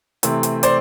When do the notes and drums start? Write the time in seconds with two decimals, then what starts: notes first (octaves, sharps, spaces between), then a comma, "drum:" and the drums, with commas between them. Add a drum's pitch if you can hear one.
0.23 C3 E3 A3 C4, drum: hi-hat
0.43 drum: hi-hat
0.63 C5 D5, drum: hi-hat